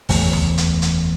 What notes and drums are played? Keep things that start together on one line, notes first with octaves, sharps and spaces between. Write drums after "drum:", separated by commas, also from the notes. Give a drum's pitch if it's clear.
F#1 E2 A3, drum: open hi-hat
drum: tom D2
drum: hi-hat
drum: hi-hat